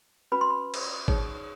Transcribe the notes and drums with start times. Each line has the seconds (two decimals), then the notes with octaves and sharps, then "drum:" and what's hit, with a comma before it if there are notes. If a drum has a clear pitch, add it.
0.32 C#4 F#4 B4 B5
0.41 C6
0.50 B5
0.74 drum: cymbal
1.08 D#4 G#4 C#5, drum: kick G1